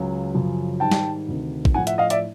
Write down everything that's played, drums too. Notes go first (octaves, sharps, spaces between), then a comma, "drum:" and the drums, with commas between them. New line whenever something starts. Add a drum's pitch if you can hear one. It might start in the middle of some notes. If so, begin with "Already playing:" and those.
Already playing: C#2 C#3 F#3
F#2 C#3 F3
G#2 D#3 G3 G5 A5
drum: snare
D2 C3 D#3
drum: kick A#1
A2 F3 F#5 G#5
E5 F#5, drum: hi-hat
D#5 F5
D5 E5, drum: hi-hat